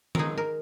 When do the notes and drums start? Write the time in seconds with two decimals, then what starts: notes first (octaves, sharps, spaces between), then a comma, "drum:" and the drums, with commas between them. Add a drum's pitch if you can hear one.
0.15 D#3 G#3 D#4 G#4 A#4, drum: tom D#3
0.37 A#4